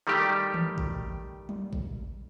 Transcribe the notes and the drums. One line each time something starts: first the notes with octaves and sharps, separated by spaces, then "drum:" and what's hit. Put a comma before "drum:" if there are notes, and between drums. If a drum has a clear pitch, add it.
D#3 G3 A3 G4
drum: tom D#3
drum: kick A1
drum: tom F#3
drum: kick A1